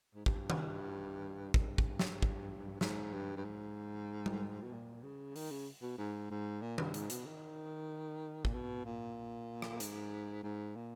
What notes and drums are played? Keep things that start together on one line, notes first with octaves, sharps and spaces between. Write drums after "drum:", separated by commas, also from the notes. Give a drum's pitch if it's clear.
G#2
G2, drum: kick
drum: tom D#3
G2, drum: kick
drum: kick
drum: snare
drum: kick
G#2, drum: snare
G2
G2
G#2
drum: tom G3
B2
A#2
C#3
D#3, drum: open hi-hat
C#3
B2
G#2
G#2
A#2
G2, drum: tom D#3
G#2, drum: hi-hat
B2, drum: hi-hat
D#3
A#2, drum: kick
B2
A#2
drum: rim click
G#2, drum: hi-hat
G#2
A#2